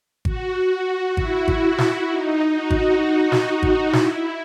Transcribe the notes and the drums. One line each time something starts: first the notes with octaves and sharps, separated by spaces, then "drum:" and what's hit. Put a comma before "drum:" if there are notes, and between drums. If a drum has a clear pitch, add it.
F#4, drum: kick G#1
E4, drum: kick G#1
drum: kick G#1
drum: snare
D#4
F#4
drum: kick G#1
drum: snare
drum: kick G#1
E4, drum: snare